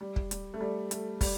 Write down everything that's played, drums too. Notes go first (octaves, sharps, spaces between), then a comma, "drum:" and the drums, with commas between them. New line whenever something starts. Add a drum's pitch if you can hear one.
G3
drum: kick
G3, drum: hi-hat
A3
G3
A3, drum: hi-hat
G3, drum: kick, open hi-hat